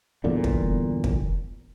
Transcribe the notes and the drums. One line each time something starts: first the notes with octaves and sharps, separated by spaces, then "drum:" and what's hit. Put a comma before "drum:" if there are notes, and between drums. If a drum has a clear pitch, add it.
G1 E2 A#2 D3
drum: kick
drum: kick